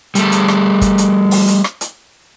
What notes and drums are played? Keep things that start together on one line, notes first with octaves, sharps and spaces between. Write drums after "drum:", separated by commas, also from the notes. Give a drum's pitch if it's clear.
G3 A3, drum: hi-hat
drum: hi-hat
drum: rim click
drum: kick, hi-hat
drum: hi-hat
drum: open hi-hat
drum: hi-hat
drum: rim click
drum: hi-hat